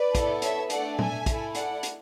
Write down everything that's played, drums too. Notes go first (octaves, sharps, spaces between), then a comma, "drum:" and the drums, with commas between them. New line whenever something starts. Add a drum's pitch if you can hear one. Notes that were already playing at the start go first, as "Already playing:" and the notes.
Already playing: B4 D5
B3 E4 A4, drum: kick, hi-hat
C#5 E5, drum: hi-hat
A3 D4 A4 D5 F#5, drum: hi-hat
E5 G#5, drum: tom A#2
A3 E4 A4, drum: kick, hi-hat
D5 F#5, drum: hi-hat
drum: hi-hat